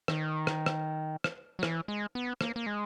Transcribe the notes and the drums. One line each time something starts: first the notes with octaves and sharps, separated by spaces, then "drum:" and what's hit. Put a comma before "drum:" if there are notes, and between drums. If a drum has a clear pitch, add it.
D#3, drum: rim click
drum: rim click
drum: rim click
drum: rim click
F#3
E3, drum: rim click
G#3
B3
A#3, drum: rim click
A#3
G#3